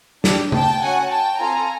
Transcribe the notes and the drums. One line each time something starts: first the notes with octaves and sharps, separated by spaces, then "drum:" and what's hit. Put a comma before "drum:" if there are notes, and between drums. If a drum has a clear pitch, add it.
D4 G4, drum: snare
G5 A5, drum: tom C#3
C#4 F#4 A4 F#5 G#5
G5 A5
C4 F4 A4 G#5 A#5